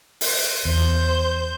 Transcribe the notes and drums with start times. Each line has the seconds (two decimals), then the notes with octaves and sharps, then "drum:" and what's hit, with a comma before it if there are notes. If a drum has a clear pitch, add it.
0.21 drum: open hi-hat
0.65 E2 C5 G6